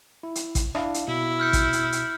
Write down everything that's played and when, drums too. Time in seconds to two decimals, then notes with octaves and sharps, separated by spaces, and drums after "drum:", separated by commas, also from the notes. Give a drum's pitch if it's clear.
0.23 E4
0.35 drum: hi-hat
0.55 drum: kick A1, hi-hat
0.75 D4 E4 F5, drum: rim click
0.94 drum: hi-hat
1.08 B2 E4
1.39 F6 G6 C#7
1.53 drum: kick A1, hi-hat
1.73 drum: hi-hat
1.92 drum: hi-hat